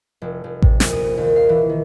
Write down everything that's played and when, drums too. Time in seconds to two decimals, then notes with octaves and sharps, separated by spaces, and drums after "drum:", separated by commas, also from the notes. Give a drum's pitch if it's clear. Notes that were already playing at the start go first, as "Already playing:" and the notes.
0.22 F1
0.44 F1
0.62 C3, drum: kick A1
0.80 A#1, drum: snare
0.92 D#6
1.17 D#2
1.36 F5
1.49 E3
1.69 D#3